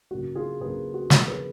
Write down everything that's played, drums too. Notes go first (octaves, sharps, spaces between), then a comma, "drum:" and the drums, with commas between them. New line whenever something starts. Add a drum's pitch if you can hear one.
C#3 F#3 A#3 F#4
F4 G#4
C#3 F#3 A#3 G#4 B4
F#4
C#3 F3 A#3, drum: snare
G#4 B4